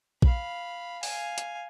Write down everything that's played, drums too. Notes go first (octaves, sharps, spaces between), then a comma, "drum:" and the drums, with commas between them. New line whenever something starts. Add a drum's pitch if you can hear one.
F5 B5, drum: kick A#1
F5 G#5, drum: open hi-hat
drum: hi-hat